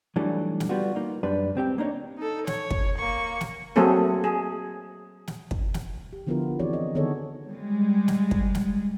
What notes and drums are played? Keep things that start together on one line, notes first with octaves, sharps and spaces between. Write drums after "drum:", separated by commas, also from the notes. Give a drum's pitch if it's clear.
E3 F#3 G3 A3 D4 D#4
drum: snare
G3 B3 F4 F#4
A#3 D#4
F#2 G3 D4 B4
C#2 C4 G4 G5
A#3 D4 D#4 C#5
D#4 A4
C#5, drum: snare
drum: kick
A#3 C#6
drum: snare
F#3 A3 A#3 C4 G#4 A4
G#4
drum: snare
drum: kick
drum: snare
G4
D3 F3 B3 E4 F4 A#4
E3 C4 F#4 G#4 C#5 D5
D#5
D3 D#3 B3 G#4 A4 C#5
G3 G#3
drum: snare
drum: kick
drum: snare